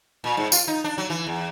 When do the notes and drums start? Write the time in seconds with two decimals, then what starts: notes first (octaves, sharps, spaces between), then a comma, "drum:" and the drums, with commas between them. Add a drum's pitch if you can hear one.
0.24 A#2
0.37 G#2
0.52 F4, drum: tambourine
0.68 D#4
0.84 D4
0.98 F#3
1.10 E3
1.26 E2